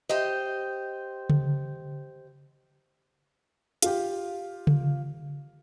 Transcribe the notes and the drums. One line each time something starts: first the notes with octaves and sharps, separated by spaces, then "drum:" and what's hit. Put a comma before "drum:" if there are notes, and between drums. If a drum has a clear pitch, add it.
G4 C5 D#5
drum: tom C#3
F4 G4, drum: hi-hat
drum: tom C#3